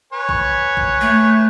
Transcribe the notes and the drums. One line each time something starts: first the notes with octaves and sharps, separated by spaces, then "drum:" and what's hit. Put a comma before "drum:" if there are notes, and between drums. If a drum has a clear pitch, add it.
B4 C#5 G#5
drum: kick A1
drum: kick A1
A3